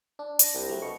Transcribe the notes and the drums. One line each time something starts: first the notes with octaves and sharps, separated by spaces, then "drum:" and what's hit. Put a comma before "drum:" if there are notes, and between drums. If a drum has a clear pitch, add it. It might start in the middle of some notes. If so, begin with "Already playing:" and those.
D4
D4 A#6, drum: hi-hat
C2
F#3 A3
B2 C#6